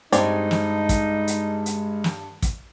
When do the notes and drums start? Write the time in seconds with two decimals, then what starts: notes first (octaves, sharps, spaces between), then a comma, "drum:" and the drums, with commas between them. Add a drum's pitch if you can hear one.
0.12 G2 G#3 C4 D#4 C#5 D5, drum: hi-hat
0.51 drum: snare
0.89 drum: kick, hi-hat
1.27 drum: hi-hat
1.66 drum: hi-hat
2.04 drum: snare
2.42 drum: kick, hi-hat